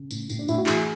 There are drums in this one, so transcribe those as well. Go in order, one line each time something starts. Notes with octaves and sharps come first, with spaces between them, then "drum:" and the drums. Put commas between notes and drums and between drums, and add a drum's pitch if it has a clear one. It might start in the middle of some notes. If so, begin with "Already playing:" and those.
Already playing: C#3
A2, drum: tambourine
A2, drum: tambourine
D4
A2 E4, drum: tambourine
F#4
E3 G#4, drum: clap